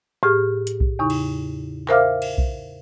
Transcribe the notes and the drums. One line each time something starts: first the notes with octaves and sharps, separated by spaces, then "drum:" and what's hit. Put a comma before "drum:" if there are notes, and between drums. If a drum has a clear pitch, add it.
A2 G4 G#4 F6
drum: hi-hat
drum: kick B1
E2 C#3 D#4 C#6
drum: cymbal
A#4 C5 E5 F5 D6 F6, drum: clap
drum: cymbal
drum: kick B1